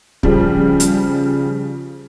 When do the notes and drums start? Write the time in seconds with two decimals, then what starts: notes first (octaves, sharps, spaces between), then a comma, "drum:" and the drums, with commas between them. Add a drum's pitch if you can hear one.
0.23 C#3 F3 G3, drum: kick
0.80 drum: hi-hat